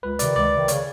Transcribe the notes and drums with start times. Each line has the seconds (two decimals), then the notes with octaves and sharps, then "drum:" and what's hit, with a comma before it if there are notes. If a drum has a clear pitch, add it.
0.03 C#2 B4
0.19 C3 D#3 D5, drum: hi-hat
0.36 C#2 D5
0.53 C3 D#3
0.68 C#3 C#5, drum: hi-hat